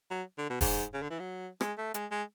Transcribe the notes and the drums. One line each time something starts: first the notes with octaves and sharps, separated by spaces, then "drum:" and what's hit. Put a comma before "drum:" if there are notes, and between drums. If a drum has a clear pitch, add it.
F#3
D3
B2
G#2, drum: kick E1, open hi-hat
C#3
D3
E3
F#3
G#3, drum: rim click
A3
G#3, drum: hi-hat
G#3